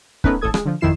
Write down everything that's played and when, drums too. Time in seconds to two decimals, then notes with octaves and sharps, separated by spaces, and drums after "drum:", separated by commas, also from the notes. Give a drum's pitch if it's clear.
0.24 A3 B3 C#4 D#4 A#4 B4, drum: kick
0.41 G#1 A2 A4 D#6 G#6
0.54 G#3, drum: rim click
0.65 D3 F3
0.81 G#1 F2 D#3 E4 C7 E7